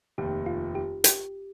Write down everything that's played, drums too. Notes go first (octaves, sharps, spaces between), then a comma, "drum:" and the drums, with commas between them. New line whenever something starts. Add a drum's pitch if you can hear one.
F1 D#2 D#3 G4
F4
G4
G4, drum: hi-hat